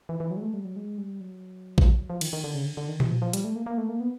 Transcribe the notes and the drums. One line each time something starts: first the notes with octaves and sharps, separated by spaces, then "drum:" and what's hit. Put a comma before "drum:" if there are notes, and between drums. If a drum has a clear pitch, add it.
E3
E3
F#3
G#3
A3
G3
F#3
G#3
G3
F#3
drum: kick A1
F3
D#3, drum: cymbal
D#3
D3
C#3
D3
D3
D#3
E3, drum: tom A#2
F3
F3
G3, drum: hi-hat
A3
A#3
A#3
A3
A#3
B3